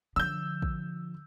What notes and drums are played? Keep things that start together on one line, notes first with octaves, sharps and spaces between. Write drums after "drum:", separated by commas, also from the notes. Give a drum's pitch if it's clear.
D3 F3 E6 G6
drum: kick